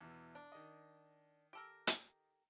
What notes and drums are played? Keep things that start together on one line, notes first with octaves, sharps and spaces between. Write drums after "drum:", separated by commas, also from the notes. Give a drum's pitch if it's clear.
E2 B2 E3
D4
D#3 D#5
G4 A4 A#4
drum: hi-hat